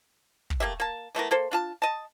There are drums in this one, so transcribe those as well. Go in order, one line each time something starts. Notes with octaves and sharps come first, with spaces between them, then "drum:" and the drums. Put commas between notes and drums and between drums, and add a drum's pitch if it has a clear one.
drum: kick
A3 A#3 G4 E5
A#3 A5
E3 A3 B3 A#4
A#3 A4 C5
D4 F4 A5
D#5 A5